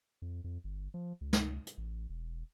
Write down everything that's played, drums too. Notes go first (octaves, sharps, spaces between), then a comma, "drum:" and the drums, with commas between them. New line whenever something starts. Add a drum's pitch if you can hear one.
F2
F2
G1
F3
C#2
drum: snare
drum: hi-hat
A1
E1